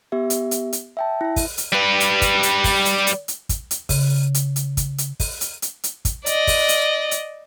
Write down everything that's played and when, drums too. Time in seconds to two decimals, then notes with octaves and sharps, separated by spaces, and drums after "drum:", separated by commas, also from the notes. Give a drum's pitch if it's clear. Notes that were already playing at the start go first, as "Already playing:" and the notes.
0.12 B3 G4 E5
0.30 drum: hi-hat
0.51 drum: hi-hat
0.73 drum: hi-hat
0.97 E5 G5 A5
1.21 E4 E5
1.36 drum: kick, open hi-hat
1.58 drum: hi-hat
1.72 G3 B4
2.00 drum: hi-hat
2.22 drum: kick, hi-hat
2.43 drum: hi-hat
2.64 drum: kick, open hi-hat
2.85 drum: hi-hat
3.07 drum: hi-hat
3.28 drum: hi-hat
3.49 drum: kick, hi-hat
3.71 drum: hi-hat
3.89 C#3, drum: kick, open hi-hat
4.34 drum: hi-hat
4.56 drum: hi-hat
4.77 drum: kick, hi-hat
4.98 drum: hi-hat
5.20 drum: kick, open hi-hat
5.41 drum: hi-hat
5.62 drum: hi-hat
5.84 drum: hi-hat
6.05 drum: kick, hi-hat
6.26 D5 D#5, drum: hi-hat
6.47 drum: kick, open hi-hat
6.69 drum: hi-hat
7.11 drum: hi-hat